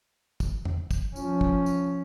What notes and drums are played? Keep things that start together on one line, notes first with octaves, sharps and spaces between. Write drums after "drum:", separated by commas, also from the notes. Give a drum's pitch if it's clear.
drum: kick, tambourine
drum: tom E2
drum: kick, tambourine
F3 C#4, drum: tambourine
drum: kick
drum: tambourine